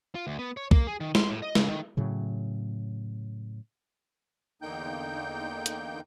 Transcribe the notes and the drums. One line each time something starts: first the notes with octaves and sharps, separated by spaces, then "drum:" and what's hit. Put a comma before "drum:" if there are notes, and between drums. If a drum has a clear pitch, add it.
F4
D2
B3
C#5
A#3, drum: kick C2
G#4
D#3
C6, drum: snare
A2
D#5
C#3, drum: snare
D#3
A2 C#3 F#3
E2 D3 A#3 D#4 G5 G6
drum: hi-hat